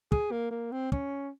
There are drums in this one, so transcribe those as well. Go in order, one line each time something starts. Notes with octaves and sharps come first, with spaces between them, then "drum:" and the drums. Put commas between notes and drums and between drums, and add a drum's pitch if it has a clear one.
G#4, drum: kick
A#3
A#3
C4
C#4, drum: kick